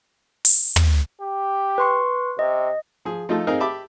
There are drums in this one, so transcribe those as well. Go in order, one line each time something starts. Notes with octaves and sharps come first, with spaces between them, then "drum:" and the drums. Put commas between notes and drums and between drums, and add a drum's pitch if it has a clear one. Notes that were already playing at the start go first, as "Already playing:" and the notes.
drum: open hi-hat
drum: tom
G4
B4 C6 C#6
C3 D#5
F3 G#4
F3 A3 D#4 F4 A4
C4 D#4 G#4 A#4 F5
G4 E5 A5 B5 D6